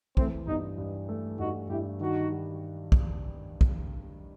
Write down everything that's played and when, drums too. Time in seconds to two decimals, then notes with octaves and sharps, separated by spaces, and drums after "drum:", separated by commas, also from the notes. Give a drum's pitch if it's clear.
0.17 E3 A3 C4, drum: kick
0.47 G2 B3 D#4
0.78 G2
1.09 A3
1.39 G2 D#4 F#4
1.70 G2 E4 G4
2.00 D#3 D#4 F#4
2.31 G3
2.92 drum: kick
3.61 drum: kick